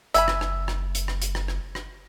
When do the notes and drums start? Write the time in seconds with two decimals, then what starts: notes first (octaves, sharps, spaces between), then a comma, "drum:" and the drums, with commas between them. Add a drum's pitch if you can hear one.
0.14 F#1 E5 G#5 B5, drum: hi-hat
0.28 drum: rim click
0.41 drum: rim click
0.68 drum: rim click
0.95 drum: hi-hat
1.08 drum: rim click
1.22 drum: hi-hat
1.35 drum: rim click
1.48 drum: rim click
1.75 drum: rim click